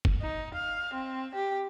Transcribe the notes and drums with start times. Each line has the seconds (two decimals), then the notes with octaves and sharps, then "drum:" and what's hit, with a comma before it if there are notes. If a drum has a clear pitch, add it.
0.05 drum: kick
0.22 D#4
0.54 F5
0.94 C4
1.35 G4